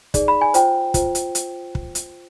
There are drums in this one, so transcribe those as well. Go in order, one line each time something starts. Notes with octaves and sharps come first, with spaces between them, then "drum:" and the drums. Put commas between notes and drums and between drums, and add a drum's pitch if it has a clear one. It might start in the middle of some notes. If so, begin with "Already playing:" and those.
D#4 G#4 D5, drum: kick, hi-hat
B5
G#5
F4 C5 G5, drum: hi-hat
F4 C5, drum: kick, hi-hat
drum: hi-hat
drum: hi-hat
drum: kick
drum: hi-hat